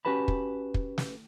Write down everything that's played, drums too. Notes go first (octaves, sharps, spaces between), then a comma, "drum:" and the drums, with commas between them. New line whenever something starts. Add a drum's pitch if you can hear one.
C#4 F#4 G4 B4 A5 B5
drum: kick
drum: kick
drum: snare